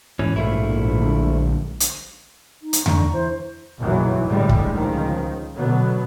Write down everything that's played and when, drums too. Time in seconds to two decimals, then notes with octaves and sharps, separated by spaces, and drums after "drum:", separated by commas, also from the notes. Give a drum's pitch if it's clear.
0.19 G#2 B2 D#3 E3 C#4
0.36 A#1 F3 A3 E4
0.99 D3 F#3 G#3
1.80 drum: hi-hat
2.62 D#4
2.73 drum: hi-hat
2.86 D3 A#5 C#6, drum: tom E2
3.12 E3 C5
3.78 F#1 B1 G2 D#3 E3 F#3
4.27 A2 D3 G3 G#3
4.49 drum: kick
4.75 C#2 D#3 F3
5.56 B2 D3 F#3 B3